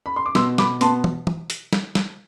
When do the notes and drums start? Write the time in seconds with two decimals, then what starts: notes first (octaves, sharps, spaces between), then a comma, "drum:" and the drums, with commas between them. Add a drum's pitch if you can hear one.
0.06 B5
0.16 C6
0.26 D6
0.35 B2 C6 E6, drum: snare
0.58 B2 B5 D6, drum: snare
0.81 B3 A5 C6, drum: hi-hat
1.04 drum: tom
1.27 drum: tom
1.50 drum: hi-hat
1.73 drum: snare
1.95 drum: snare